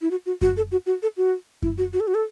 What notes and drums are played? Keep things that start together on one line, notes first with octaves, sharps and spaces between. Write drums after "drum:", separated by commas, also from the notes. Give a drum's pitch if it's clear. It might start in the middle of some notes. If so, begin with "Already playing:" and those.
E4
F#4
F#4
F#4, drum: kick F#2
A4
F#4
F#4
A4
F#4
E4, drum: kick F#2
F#4
F#4
A4
F#4
A4